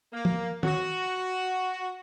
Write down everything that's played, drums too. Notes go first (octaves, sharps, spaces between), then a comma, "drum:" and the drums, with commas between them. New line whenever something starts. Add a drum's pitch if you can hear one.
A#3
drum: tom
F#4, drum: tom